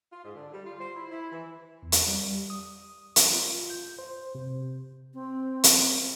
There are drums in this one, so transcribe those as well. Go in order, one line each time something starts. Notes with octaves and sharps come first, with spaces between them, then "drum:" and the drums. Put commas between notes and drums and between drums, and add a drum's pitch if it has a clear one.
F4
G#2
D3
G3
F4
C5
E4
E4
E3
E2
drum: hi-hat
G3
D#6
drum: hi-hat
F4
G6
C5
C3
C4
drum: hi-hat